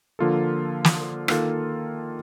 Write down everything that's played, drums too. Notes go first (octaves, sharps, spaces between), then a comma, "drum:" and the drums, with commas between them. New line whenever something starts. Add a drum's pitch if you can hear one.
D3 F3 A#3 F4 A4
drum: snare
D#3 A#3 F4 A4, drum: rim click